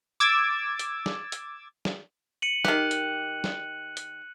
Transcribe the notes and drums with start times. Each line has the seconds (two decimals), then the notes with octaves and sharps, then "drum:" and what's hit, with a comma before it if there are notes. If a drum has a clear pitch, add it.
0.20 D6 E6 G#6 A6
0.79 drum: hi-hat
1.06 drum: snare
1.32 drum: hi-hat
1.85 drum: snare
2.42 C#7 D#7 F#7
2.65 D#3 G4 F#6, drum: snare
2.91 drum: hi-hat
3.44 drum: snare
3.97 drum: hi-hat